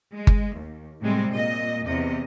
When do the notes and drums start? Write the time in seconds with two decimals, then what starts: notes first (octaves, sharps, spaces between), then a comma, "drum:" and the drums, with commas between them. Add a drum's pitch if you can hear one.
0.15 G#3
0.27 drum: kick G1
0.56 D#2
1.01 A2 C3 G3 G#3 C4
1.32 A#2 D#5
1.84 E2 C3 D#5